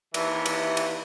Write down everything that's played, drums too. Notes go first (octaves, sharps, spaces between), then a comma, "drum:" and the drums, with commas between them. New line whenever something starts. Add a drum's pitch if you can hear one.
D#2 C3 E3, drum: cymbal
drum: cymbal
drum: cymbal